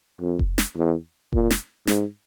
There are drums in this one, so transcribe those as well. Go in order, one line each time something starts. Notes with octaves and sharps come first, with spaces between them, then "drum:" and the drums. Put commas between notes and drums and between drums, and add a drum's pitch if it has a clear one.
F2
drum: kick F1
drum: snare
E2
A#2, drum: kick F1
drum: snare
G#2, drum: snare